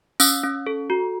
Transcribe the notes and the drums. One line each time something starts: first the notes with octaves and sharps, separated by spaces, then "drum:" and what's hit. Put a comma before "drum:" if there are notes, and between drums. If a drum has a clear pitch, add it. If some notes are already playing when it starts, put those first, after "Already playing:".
C#4 E6, drum: tambourine
C#4
A4
F#4